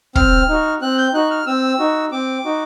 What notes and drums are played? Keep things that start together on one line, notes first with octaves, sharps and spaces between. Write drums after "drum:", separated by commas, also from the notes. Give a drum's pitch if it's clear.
C4 F6, drum: kick
D#4 F#4
C4 F#6
G6
D#4 F#4 F#6
F6
C4 E6
D#4 F#4
C4 D6
D#4 F#4